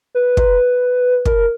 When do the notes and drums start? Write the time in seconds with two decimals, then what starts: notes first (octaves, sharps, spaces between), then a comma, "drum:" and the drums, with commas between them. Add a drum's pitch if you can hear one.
0.15 B4
0.37 drum: kick
1.25 A#4, drum: kick